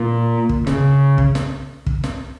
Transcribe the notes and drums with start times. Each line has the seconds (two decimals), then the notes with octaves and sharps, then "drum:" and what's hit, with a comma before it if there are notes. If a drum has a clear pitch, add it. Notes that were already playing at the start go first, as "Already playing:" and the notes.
Already playing: A#2
0.49 drum: kick
0.67 C#3, drum: snare
1.18 drum: kick
1.35 drum: snare
1.86 drum: kick
2.04 drum: snare